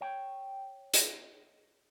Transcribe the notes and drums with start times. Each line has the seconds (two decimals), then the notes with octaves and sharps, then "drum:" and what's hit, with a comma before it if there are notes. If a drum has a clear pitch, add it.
0.01 C#5 G5
0.94 drum: hi-hat